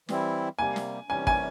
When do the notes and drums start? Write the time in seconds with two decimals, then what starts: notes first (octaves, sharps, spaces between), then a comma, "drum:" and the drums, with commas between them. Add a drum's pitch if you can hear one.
0.09 E3 G3 C4 E4, drum: snare
0.59 C3 G3 A#3 G#5
0.76 drum: snare
1.09 C3 E3 G3 C#4 G#5
1.27 G#5, drum: kick